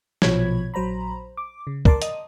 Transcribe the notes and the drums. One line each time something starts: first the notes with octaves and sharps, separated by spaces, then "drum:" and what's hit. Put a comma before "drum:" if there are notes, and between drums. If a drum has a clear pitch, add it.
A#1 B2 F3 C#5 B5 G#6, drum: snare
A#1 F#3 C5 A#5 B5
D6
C#3
A#4 D5 A5 C6 D6, drum: kick
D#5 D#6, drum: hi-hat